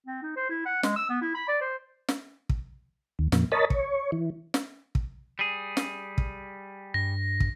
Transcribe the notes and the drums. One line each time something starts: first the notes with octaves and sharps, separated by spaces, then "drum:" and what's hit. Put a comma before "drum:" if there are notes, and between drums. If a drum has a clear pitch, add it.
C4
D#4
C5
E4
F#5
G#3, drum: snare
E6
B3
E4
B5
D5
C5
drum: snare
drum: kick
D#2
F2 A#2, drum: snare
A#4 C#5 D#5 A5 B5
C#5, drum: kick
E3
drum: snare
drum: kick
G3 G#4
drum: snare
drum: kick
G2 A#6
drum: kick